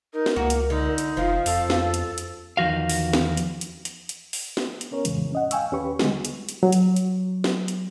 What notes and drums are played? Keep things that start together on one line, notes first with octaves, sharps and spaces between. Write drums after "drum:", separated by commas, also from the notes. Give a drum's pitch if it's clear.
D#4 A#4
drum: snare
C#2 A#3 F#4
drum: hi-hat
D3 D#4
drum: hi-hat
F1 F3 F5
F2 A4, drum: open hi-hat
drum: snare
drum: hi-hat
drum: hi-hat
E2 D#3 F3 F#4 F5
drum: open hi-hat
drum: snare
drum: hi-hat
drum: hi-hat
drum: hi-hat
drum: hi-hat
drum: open hi-hat
drum: snare
drum: hi-hat
B3 C#4 A#4 C#5
F2 A2 C#3 E3 G#3, drum: hi-hat
C#4 D#5 F#5
F5 G5 G#5 C#6 E6, drum: hi-hat
D#2 C#4 G4 B4 C#6
D3 G3 G#3 B3 F#4, drum: snare
drum: hi-hat
drum: hi-hat
F#3
drum: hi-hat
drum: hi-hat
drum: snare
drum: hi-hat